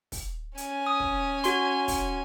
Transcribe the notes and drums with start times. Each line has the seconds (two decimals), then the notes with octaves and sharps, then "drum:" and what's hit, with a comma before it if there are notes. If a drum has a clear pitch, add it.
0.12 drum: kick, open hi-hat
0.57 C#4 G#5, drum: hi-hat
0.87 D#6
1.00 drum: kick
1.44 F#4 C6, drum: hi-hat
1.88 drum: kick, open hi-hat